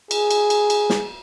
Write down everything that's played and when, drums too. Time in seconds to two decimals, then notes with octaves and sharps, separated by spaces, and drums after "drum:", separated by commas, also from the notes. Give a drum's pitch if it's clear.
0.11 G#4, drum: cymbal
0.31 drum: cymbal
0.50 drum: cymbal
0.70 drum: cymbal
0.90 drum: snare